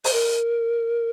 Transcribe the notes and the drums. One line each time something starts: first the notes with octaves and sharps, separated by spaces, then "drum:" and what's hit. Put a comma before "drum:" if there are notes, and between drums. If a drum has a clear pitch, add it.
C5, drum: open hi-hat
A#4